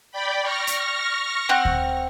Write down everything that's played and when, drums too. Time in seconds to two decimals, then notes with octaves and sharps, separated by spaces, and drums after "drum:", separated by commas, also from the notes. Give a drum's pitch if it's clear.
0.12 D5 G5 B5
0.42 C#6 F6 A#6
0.67 drum: hi-hat
1.49 C4 F#5
1.65 drum: kick D2